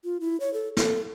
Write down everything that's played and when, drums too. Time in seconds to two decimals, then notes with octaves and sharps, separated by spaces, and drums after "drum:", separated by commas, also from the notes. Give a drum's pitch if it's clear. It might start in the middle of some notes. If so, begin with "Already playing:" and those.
0.04 F4
0.20 E4
0.40 C#5
0.54 A4
0.77 A4, drum: snare